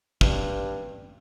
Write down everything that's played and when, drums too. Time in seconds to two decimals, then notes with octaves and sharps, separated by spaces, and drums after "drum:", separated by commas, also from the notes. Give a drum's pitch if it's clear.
0.21 G2, drum: kick